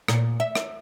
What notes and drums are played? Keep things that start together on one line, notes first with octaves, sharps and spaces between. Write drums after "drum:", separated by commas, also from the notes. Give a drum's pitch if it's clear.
A#2, drum: rim click
E5
drum: rim click